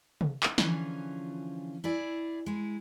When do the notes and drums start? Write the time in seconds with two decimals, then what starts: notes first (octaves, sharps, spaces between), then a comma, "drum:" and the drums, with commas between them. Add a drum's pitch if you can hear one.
0.21 drum: tom C3
0.43 drum: clap
0.58 D3 E3 F3 C#4 F4 G#4, drum: snare
1.84 E4 G#4 D5
2.46 G#3 E4